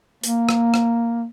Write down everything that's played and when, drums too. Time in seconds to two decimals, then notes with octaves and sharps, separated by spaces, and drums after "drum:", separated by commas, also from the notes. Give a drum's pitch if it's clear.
0.24 A#3, drum: hi-hat
0.49 drum: rim click
0.74 drum: rim click